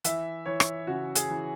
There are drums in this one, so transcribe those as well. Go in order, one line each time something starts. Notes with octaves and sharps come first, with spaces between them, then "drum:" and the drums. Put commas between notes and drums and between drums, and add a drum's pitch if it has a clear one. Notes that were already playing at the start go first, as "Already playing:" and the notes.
E3 E5, drum: hi-hat
E3 C#5
drum: rim click
C#3 F#4
G#4, drum: hi-hat
E3